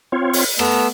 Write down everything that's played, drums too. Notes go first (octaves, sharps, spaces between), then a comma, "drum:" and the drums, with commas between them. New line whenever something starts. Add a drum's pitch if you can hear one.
C4 F4 C#5
drum: open hi-hat
A3 B3 A#5 E6, drum: rim click